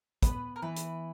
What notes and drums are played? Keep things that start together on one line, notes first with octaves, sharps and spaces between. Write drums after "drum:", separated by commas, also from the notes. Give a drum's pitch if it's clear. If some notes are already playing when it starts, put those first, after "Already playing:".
B3 B4, drum: kick, hi-hat
A#4
E3 B4
drum: hi-hat